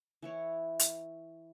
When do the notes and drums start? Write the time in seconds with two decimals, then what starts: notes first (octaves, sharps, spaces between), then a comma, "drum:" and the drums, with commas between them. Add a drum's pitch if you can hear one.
0.22 E3 E4 C#5
0.79 drum: hi-hat